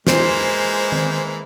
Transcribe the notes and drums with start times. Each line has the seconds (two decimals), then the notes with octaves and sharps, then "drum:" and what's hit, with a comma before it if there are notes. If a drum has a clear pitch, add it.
0.07 E3 G#3 A#3 C5, drum: snare
0.92 drum: tom D#3